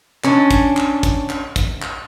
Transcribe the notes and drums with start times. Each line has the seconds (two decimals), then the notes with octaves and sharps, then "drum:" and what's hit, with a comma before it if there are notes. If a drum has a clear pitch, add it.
0.24 C#4 D4, drum: clap
0.51 drum: kick, hi-hat
0.77 drum: clap
1.03 drum: kick, hi-hat
1.30 drum: clap
1.56 drum: kick, hi-hat
1.82 drum: clap